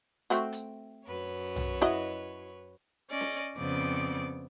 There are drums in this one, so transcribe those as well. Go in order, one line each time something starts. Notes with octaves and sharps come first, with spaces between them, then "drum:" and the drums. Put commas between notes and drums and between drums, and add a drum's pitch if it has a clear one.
A3 C4 F#4, drum: hi-hat
drum: hi-hat
F#2 B4 C#5
drum: tom B1
E4 F#4 D#5
C#4 D5 D#5
drum: snare C#4
F2 C#3 B3 C4 D5 D6